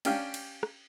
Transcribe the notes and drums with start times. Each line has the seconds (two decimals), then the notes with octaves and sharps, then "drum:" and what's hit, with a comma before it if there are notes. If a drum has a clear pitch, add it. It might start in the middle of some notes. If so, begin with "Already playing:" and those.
0.05 C#4 D4 G4 F5, drum: cymbal
0.34 drum: cymbal
0.63 drum: rim click